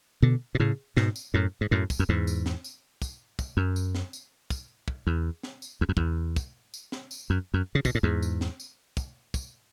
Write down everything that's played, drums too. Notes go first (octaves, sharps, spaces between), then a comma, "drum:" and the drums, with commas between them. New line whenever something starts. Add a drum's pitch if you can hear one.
B2 D3
B2
A2 C#3
G#2 B2, drum: snare
drum: tambourine
F#2 A2
G#2
F#2 A2
drum: kick, tambourine
F#2
E2 G#2
drum: tambourine
drum: snare
drum: tambourine
drum: kick, tambourine
drum: kick, tambourine
F#2
drum: tambourine
drum: snare
drum: tambourine
drum: kick, tambourine
drum: kick
E2
drum: snare
drum: tambourine
E2
F#2
E2, drum: kick
drum: kick, tambourine
drum: tambourine
drum: snare
drum: tambourine
F#2
F#2
C#3
B2, drum: kick, tambourine
A2
E2 G#2
drum: tambourine
drum: snare
drum: tambourine
drum: kick, tambourine
drum: kick, tambourine